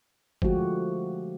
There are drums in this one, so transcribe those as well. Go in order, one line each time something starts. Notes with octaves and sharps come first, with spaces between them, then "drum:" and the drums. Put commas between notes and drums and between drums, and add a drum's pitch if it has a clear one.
D3 F3 G#3 A3 F#4 G4, drum: kick